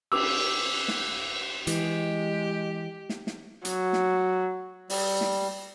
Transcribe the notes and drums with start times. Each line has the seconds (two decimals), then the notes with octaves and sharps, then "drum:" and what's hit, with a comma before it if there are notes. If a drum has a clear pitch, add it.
0.12 D6 E6, drum: cymbal
0.88 drum: snare
1.67 E3 G#3 G4, drum: hi-hat
3.09 drum: snare
3.27 drum: snare
3.65 F#3, drum: hi-hat
3.93 drum: snare
4.90 G3, drum: open hi-hat
5.21 drum: snare